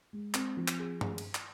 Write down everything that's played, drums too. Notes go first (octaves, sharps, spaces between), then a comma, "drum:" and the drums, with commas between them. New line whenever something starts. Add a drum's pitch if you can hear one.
G#3
C4, drum: clap
F3
drum: clap
G#4
G#4, drum: tom G2
drum: cymbal
drum: clap